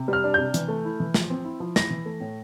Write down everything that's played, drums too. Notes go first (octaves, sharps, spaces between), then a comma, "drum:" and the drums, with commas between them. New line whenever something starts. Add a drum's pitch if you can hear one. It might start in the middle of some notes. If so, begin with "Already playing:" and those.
Already playing: C3
G3 F6
D4
C3 G6
E3, drum: hi-hat
A3
E4
E3
F3, drum: snare
C4
E4
F3
E4 A#6, drum: snare
E3
A3
A2